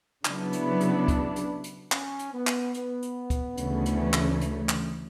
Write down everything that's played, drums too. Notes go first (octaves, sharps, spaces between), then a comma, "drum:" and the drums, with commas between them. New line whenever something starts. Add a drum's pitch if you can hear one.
C#3 F#3 B3 D4 E4, drum: clap
drum: hi-hat
drum: hi-hat
drum: kick, hi-hat
drum: hi-hat
drum: hi-hat
C#4, drum: clap
drum: hi-hat
B3
drum: clap
B3, drum: hi-hat
drum: hi-hat
drum: kick, hi-hat
D2 C#3 E3 A3 C#4, drum: hi-hat
drum: hi-hat
drum: clap
drum: hi-hat
drum: clap